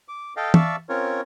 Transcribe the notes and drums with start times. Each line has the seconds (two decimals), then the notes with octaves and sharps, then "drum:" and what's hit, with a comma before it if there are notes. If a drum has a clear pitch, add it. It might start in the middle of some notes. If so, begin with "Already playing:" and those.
0.08 D6
0.37 A4 D#5 F5 G5
0.54 D5 E5 F5 A5 C#6, drum: tom
0.89 C4 C#4 F4 A#4 C#5